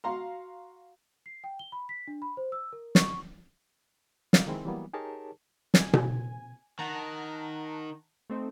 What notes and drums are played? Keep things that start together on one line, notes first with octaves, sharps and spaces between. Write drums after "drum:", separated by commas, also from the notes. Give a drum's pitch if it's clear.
F#4 F5 A#5 C6
C7
G5
G7
B5
B6
D4
B5
C5
E6
A#4
C#6, drum: snare
F5, drum: snare
D#3 G#3 C4 E4
E3 F#3 G3 A#3 B3
D#4 G4 G#4 A#4 C#5 A5
G#5, drum: snare
drum: tom B2
D#3 F#5 A5 A#5
A3 C4 D#4